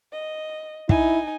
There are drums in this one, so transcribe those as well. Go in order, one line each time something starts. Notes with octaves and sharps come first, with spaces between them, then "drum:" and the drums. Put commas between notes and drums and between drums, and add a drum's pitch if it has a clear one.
D#5
D#4 E4 G#5, drum: kick